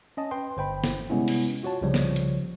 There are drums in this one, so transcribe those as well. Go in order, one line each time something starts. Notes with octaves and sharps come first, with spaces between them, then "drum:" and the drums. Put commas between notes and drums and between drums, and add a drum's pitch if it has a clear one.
C#4 D#5 A5
B4 G5 C6
G1 C5 G5 B5
drum: snare
C3 G3 G#3 B3 C#4 E4
drum: open hi-hat
F4 F#4 C#5 A5
C2 C#3 F3 G3 C#5
drum: snare
drum: hi-hat